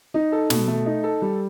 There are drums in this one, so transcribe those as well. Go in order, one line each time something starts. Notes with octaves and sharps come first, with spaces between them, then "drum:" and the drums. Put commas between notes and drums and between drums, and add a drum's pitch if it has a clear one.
D#4
A4
B2, drum: snare
A3
D#4
A4
G3